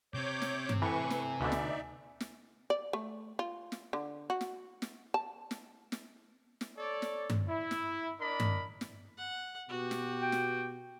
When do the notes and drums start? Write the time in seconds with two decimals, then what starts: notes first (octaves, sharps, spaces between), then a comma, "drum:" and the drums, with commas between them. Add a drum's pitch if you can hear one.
0.14 C3 C4 C#5 D6 G6
0.42 drum: snare
0.69 drum: tom G2
0.82 A2 E3 B4 G#5 C#6
1.10 drum: snare
1.40 D2 B2 D3 D#4 D5 E5
1.52 drum: snare
2.20 drum: snare
2.70 D5
2.93 A3
3.39 F4
3.72 drum: snare
3.93 D3
4.30 F#4
4.41 drum: snare
4.82 drum: snare
5.14 A5
5.51 drum: snare
5.92 drum: snare
6.61 drum: snare
6.77 A4 C#5 D5
7.02 drum: snare
7.30 drum: tom G2
7.48 E4
7.71 drum: snare
8.20 D4 A#4 D5 D#5 B5
8.40 drum: tom G2
8.81 drum: snare
9.17 F#5
9.69 B2 B3 F#4 G4
9.91 drum: snare
10.22 G5
10.32 drum: snare